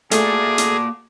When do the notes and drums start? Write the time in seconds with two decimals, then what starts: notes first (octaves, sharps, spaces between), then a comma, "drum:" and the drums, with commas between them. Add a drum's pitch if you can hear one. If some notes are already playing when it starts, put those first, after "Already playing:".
0.11 A3 A#3 F#4 G#4 D5 A5 D6, drum: hi-hat
0.58 drum: hi-hat